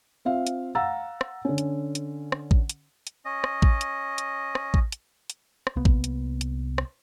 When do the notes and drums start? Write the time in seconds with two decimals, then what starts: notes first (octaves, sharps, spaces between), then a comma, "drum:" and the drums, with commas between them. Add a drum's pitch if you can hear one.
0.25 C4 F4 E5 F5
0.47 drum: hi-hat
0.75 F5 F#5 A#5 E6 A6
1.21 drum: rim click
1.45 D3 C#4
1.58 drum: hi-hat
1.95 drum: hi-hat
2.32 drum: rim click
2.51 drum: kick A1
2.69 drum: hi-hat
3.07 drum: hi-hat
3.25 C#4 D#5
3.44 drum: rim click
3.62 drum: kick A1
3.81 drum: hi-hat
4.18 drum: hi-hat
4.55 drum: rim click
4.74 drum: kick A1
4.92 drum: hi-hat
5.30 drum: hi-hat
5.67 drum: rim click
5.76 C2 A#3 B3
5.85 drum: kick A1
6.04 drum: hi-hat
6.41 drum: hi-hat
6.78 drum: rim click